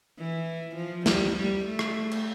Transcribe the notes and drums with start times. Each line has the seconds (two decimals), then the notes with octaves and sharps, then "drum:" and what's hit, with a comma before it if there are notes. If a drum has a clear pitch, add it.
0.18 E3
0.76 F3
1.06 G3, drum: snare
1.35 G3
1.65 A3
1.79 drum: rim click
2.11 drum: cymbal